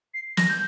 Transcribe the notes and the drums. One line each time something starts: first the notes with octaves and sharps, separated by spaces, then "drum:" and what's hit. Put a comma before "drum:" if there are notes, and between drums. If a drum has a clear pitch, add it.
C7
A#6, drum: snare
G6